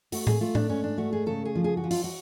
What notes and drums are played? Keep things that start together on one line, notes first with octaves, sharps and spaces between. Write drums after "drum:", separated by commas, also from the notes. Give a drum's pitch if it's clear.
A3 F#4, drum: open hi-hat
G#4, drum: tom A2
A3 F4
D4, drum: tom A2
G#2 C#4
D4
A3 F#4
G#4
C#3 A4
G#4
F3
G#4
F#4
F3
F4, drum: open hi-hat
F#4